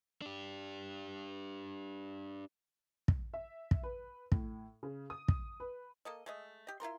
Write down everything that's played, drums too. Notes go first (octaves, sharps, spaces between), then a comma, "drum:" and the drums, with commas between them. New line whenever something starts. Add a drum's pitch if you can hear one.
D4 G4
drum: kick
E5
drum: kick
B4
A2, drum: kick
C#3
D#6
drum: kick
B4
A#3 A4 D#5
G#3 A3 D#5
G4 D#5
E4 F4 A#4 C6